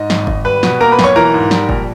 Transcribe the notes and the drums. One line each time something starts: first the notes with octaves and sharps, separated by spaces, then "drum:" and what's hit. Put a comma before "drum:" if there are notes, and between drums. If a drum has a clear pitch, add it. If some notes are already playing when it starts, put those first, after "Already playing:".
Already playing: G#2 D#5
G#1, drum: snare
G#1, drum: kick
G3 B4 B5
B2, drum: snare
A#3 A#4 A#5
B4 B5
B1, drum: snare
C#5 C#6
E3 A#4 A#5
G#2
G3, drum: snare
A#1, drum: kick